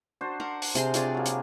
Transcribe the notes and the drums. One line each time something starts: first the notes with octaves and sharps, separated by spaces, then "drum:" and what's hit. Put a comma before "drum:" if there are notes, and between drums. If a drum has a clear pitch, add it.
D4 F#4 C5
A#4 F#5
drum: open hi-hat
C3 G#4 C6, drum: hi-hat
C4 D4 F4 G#4 C#5 D5, drum: hi-hat
F#3 A#3
drum: hi-hat